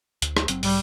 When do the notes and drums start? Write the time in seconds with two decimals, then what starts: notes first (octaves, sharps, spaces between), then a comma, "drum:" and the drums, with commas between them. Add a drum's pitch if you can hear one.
0.22 D2, drum: hi-hat
0.37 drum: rim click
0.48 F#1 F#3 C4, drum: hi-hat
0.63 B1 G#2 G3, drum: open hi-hat